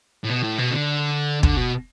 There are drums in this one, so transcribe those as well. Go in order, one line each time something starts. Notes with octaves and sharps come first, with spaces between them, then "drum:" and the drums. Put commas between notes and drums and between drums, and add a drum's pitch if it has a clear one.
A2
B2
A2
B2
D3
D3, drum: kick
B2